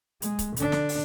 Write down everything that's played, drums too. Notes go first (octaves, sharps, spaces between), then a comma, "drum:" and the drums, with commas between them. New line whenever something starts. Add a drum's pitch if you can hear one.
G#3, drum: hi-hat
drum: kick C#1, hi-hat
D3 D4, drum: hi-hat
drum: snare
drum: open hi-hat